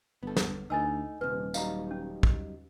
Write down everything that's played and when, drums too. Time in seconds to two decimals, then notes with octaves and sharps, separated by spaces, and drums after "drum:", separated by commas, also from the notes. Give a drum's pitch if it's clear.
0.23 G1 B3 A4
0.37 drum: snare
0.70 D2 A3 D#4 D#5 G#5 E6
1.21 D#1 G2 C3 B4
1.54 F#3 G3 D#4 F5 A#5, drum: tambourine
1.91 C#4
2.23 drum: kick